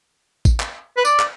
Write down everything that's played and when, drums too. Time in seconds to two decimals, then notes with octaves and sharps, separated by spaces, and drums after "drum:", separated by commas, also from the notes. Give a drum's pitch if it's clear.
0.45 drum: kick A1, tambourine
0.60 drum: clap
0.97 B4
1.05 D5, drum: tambourine
1.20 drum: clap